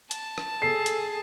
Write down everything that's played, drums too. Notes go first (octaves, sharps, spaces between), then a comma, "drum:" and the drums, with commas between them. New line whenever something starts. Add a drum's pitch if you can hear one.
A5, drum: hi-hat
drum: rim click
G#4 A4 C7
drum: hi-hat